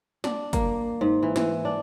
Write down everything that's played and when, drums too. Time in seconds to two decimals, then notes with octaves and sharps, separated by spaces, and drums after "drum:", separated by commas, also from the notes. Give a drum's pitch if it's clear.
0.24 D4, drum: snare
0.53 A#3, drum: kick, hi-hat
1.01 G#2
1.23 E3
1.36 E3, drum: snare
1.65 D4